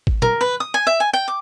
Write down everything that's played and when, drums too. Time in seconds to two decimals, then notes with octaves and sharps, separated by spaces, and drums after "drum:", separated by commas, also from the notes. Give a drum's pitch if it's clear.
0.07 drum: kick G#1
0.22 A#4, drum: tom A#2
0.41 B4
0.60 D#6
0.74 G#5
0.87 E5
1.00 G#5
1.13 G5
1.28 D6